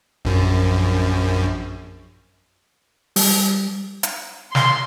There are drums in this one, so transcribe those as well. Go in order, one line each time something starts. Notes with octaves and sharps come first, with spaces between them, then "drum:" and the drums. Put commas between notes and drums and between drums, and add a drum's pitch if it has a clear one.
A#1 F#2
G3, drum: open hi-hat
drum: hi-hat
C6, drum: snare